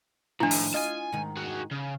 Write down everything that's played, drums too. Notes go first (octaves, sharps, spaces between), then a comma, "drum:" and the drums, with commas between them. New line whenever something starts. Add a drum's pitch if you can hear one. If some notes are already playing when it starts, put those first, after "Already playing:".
A2 D#3 F3 D4 E4
drum: open hi-hat
F4 D#5 G#5 A5
G#2 D#3
F#4 G#4
C#3